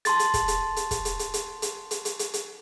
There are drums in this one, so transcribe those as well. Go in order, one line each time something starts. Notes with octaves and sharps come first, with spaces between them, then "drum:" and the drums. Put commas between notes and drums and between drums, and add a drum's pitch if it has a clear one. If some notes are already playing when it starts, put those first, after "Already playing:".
A5 C6 A6, drum: hi-hat
drum: hi-hat
drum: kick, hi-hat
drum: hi-hat
drum: hi-hat
drum: kick, hi-hat
drum: hi-hat
drum: hi-hat
drum: hi-hat
drum: hi-hat
drum: hi-hat
drum: hi-hat
drum: hi-hat
drum: hi-hat